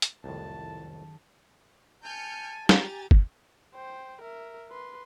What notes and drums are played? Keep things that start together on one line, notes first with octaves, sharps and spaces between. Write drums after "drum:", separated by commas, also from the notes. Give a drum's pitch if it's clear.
drum: hi-hat
F#1 C2 F2 A2 D#3 A5
G#5 A5 F6 G6 C#7
G4 G#5 A#5 A6, drum: snare
drum: kick
C5 G5
A#4 E5
B4 C6